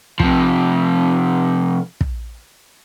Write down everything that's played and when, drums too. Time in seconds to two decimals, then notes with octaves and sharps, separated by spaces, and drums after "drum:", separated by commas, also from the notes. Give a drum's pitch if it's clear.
0.20 C3 F3, drum: kick
2.01 drum: kick